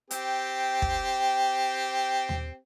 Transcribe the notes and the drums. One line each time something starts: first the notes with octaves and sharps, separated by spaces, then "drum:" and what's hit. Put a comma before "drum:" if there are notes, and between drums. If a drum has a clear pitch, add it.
C4 G4, drum: hi-hat
drum: kick
drum: tom D#2